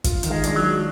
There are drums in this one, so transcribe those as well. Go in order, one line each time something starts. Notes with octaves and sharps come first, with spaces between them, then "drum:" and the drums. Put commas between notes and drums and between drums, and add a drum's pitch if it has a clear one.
F4, drum: kick, hi-hat
D#3, drum: hi-hat
G#3
G#3 D4, drum: hi-hat
F#3
G#3